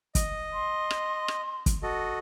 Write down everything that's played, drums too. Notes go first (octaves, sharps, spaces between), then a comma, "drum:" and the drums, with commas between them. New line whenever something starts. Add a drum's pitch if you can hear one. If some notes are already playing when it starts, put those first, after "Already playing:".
D#5, drum: kick, hi-hat
C6
drum: rim click
drum: rim click
drum: kick, hi-hat
F#4 A4 D#5